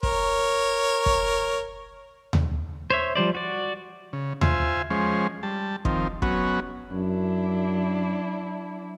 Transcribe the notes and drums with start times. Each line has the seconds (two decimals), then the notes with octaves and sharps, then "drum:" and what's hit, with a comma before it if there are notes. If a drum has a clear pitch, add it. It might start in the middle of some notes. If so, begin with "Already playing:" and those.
0.03 A#4 C#5, drum: kick
1.06 drum: kick
2.33 drum: tom D#2
2.90 C5 C#5 E5
3.15 F3 G3 C5 D5
3.35 F#4 D5
4.13 C#3
4.41 F4 C5 E5 G#5, drum: tom D#2
4.90 F3 G#3 C#4 C5
5.43 G3 A5
5.85 D#3 F3 C4, drum: kick
6.22 F#3 B3 C#4 F#4, drum: kick
6.92 F#2 F#3 D4 E4